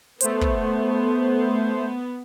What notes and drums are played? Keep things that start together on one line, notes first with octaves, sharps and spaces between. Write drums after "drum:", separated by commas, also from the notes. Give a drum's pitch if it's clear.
A3 B3 C5, drum: hi-hat
drum: kick